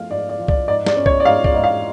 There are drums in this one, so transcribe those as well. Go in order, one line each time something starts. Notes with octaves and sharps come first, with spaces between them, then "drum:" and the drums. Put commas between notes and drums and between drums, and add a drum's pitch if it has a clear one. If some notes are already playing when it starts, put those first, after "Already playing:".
Already playing: F3 A3 F5
G#2 D5
D5
F3
D5, drum: kick C2
G#2 D5
D5, drum: snare
C#4
C#5, drum: kick C2
D5
G#2 F5
D5, drum: kick C2
G#2
F5